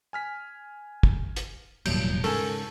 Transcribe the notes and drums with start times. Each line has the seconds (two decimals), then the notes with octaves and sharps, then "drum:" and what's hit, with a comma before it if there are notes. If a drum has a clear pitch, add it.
0.13 G#5 F6 B6
1.03 drum: kick
1.36 drum: hi-hat
1.86 E1 A#1 D#2 A2 F#3 G3 G6, drum: cymbal
2.24 G#2 C#3 A4 A#4 G#5 C#6, drum: open hi-hat